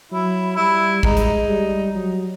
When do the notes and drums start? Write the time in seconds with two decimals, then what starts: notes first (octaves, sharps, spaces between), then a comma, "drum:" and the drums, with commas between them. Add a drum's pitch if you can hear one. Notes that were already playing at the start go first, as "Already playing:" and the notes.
0.11 F#3 E4
0.57 G3 E4
1.03 G#3 D#4, drum: kick A1
1.17 drum: hi-hat
1.49 G3
1.95 F#3